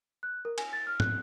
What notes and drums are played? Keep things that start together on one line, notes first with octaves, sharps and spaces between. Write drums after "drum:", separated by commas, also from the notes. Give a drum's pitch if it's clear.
F#6
A#4
G#5, drum: cymbal
A6
F6
F#6, drum: tom